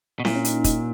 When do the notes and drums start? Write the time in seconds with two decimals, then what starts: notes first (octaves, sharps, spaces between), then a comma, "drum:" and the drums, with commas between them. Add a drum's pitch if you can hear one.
0.20 B2
0.25 A#2 E4, drum: snare C4
0.35 C#4
0.45 D#4, drum: hi-hat
0.64 D#4, drum: kick, hi-hat